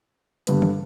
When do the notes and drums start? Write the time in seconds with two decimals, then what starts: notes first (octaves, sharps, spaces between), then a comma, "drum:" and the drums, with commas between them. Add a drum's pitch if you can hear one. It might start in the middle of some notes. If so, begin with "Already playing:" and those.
0.47 G2 D3 G3 B3, drum: hi-hat
0.62 drum: tom C#3